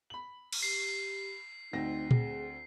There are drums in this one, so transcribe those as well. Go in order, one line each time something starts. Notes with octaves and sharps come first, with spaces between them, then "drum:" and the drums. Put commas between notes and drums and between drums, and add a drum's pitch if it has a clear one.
B5 F#7
drum: cymbal
G4 C7
D2 C4 D#4 A#6
G#4, drum: tom A#2